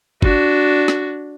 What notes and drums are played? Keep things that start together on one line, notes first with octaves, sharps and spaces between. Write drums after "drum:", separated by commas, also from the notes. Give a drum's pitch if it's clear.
D4 F#4, drum: kick
drum: snare